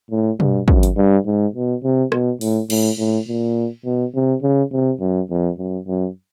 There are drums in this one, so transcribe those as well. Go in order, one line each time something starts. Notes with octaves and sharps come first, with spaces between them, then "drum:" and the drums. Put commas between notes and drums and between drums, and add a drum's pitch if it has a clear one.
A2
G2, drum: tom B2
F#2, drum: kick
drum: hi-hat
G2
G#2
B2
C3
B2, drum: rim click
A2, drum: open hi-hat
A2, drum: cymbal
A2
A#2
B2
C3
C#3
C3
F#2
F2
F#2
F#2